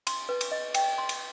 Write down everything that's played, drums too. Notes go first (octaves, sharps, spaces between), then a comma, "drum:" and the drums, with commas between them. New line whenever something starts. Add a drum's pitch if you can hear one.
C6, drum: cymbal
B4
drum: cymbal
D#5
G5, drum: cymbal
C6
drum: cymbal